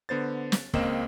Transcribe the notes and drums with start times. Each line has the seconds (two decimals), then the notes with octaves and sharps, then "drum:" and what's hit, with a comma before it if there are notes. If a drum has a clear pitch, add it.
0.09 D3 B3 C5 A6
0.52 drum: snare
0.74 C#2 A#3 C4 D#5 E7, drum: kick